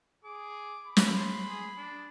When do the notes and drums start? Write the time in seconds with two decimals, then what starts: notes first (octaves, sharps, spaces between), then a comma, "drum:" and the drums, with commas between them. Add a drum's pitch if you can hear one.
0.24 G#4 D6
0.86 B5
0.97 drum: snare
1.15 C6
1.48 G#4
1.77 D4